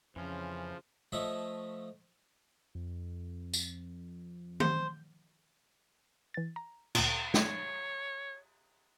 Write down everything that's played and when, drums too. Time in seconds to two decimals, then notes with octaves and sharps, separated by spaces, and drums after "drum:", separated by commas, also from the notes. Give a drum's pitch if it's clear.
0.16 F2 C#3 E3 F3 C#4 C5
1.12 F3 A3 C#5 D#5 E5
2.75 F2
3.53 drum: tambourine
4.60 C5, drum: tom D#3
6.34 E3 A6
6.56 A#5
6.95 D2 A#2, drum: cymbal
7.34 C#5, drum: snare